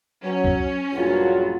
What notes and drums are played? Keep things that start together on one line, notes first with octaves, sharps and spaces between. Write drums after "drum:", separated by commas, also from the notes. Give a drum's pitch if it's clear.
F#3 C#4
drum: kick
A#1 G2 C#3 F#3 F4